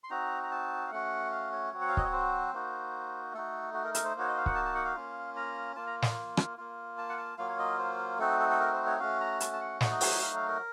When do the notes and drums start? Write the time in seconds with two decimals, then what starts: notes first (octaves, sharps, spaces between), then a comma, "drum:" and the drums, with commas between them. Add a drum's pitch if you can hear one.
0.04 C6
0.10 C4 D#4 F#4 A#5
0.43 A#5
0.51 A5
0.87 F5
0.91 A3 C#4 F#4 F#5
1.32 F5
1.52 C#5
1.72 F#3 C4 F#4
1.81 F#5
1.89 F5
1.97 D#5, drum: kick
2.04 C#5
2.12 C5
2.53 A#3 D#4 F#4
3.33 A3 D#4 F#4 A4
3.74 F#4
3.84 A#4
3.95 A#4, drum: hi-hat
4.05 C5
4.15 A#3 D#4 F#4 C#5
4.29 D#5
4.37 F5
4.46 F#5, drum: kick
4.55 A5
4.65 A5
4.75 F#5
4.85 F5
4.95 A#3 C#4 F4
5.36 A#5
5.76 A#3 F4 A5
5.87 A#5
6.02 drum: snare
6.37 drum: rim click
6.57 A#3 F4
6.98 A5
7.09 F#5
7.18 A5
7.38 F#3 A#3 F4 F5
7.48 C#5
7.59 D#5
7.79 C5
8.19 A3 C4 D#4 F#4 A4
8.40 A4
8.50 A4
8.60 A#4
8.73 C5
8.86 C#5
9.00 A3 C#4 F#4 F5
9.20 A#5
9.40 A5, drum: hi-hat
9.53 A5
9.61 F#5
9.81 F#3 A3 D#4 F#4 F#5, drum: snare
9.91 D#5
10.01 C#5, drum: open hi-hat
10.11 C#5
10.21 F5
10.35 F5
10.48 A#4